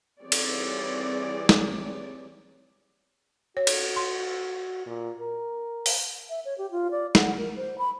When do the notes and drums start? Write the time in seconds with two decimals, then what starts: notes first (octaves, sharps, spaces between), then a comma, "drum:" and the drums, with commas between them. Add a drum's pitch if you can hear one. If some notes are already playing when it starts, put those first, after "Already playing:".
0.23 E3 G3 C4 G#4 C#5 D5
0.32 drum: cymbal
1.49 drum: snare
3.57 F#4 C#5
3.67 drum: cymbal
3.96 C6
4.86 A#2
5.20 A#4
5.86 drum: open hi-hat
6.30 E5
6.45 C#5
6.58 G4
6.71 F4
6.91 D5
7.15 F#5, drum: snare
7.37 A#4
7.56 C5
7.78 B5